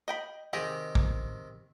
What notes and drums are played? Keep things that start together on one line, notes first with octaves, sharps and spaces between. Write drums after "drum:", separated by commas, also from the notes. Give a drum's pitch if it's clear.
D#5 G5 B5
C3 D#3 G4 G#4 D#5
drum: kick